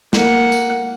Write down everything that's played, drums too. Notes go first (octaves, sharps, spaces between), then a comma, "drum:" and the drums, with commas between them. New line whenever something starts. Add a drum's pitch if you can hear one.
A#3 F#5, drum: snare
drum: tambourine